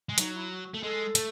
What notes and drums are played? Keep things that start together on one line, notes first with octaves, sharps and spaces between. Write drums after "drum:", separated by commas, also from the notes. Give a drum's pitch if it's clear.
G#3
F#3 D#4, drum: hi-hat
E4
F#4
A3
G#3 A4
A3, drum: hi-hat